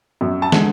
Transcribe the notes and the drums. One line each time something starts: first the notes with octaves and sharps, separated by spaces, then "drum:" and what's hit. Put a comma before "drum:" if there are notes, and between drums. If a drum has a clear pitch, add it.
F#2
A5
D3 G#3, drum: snare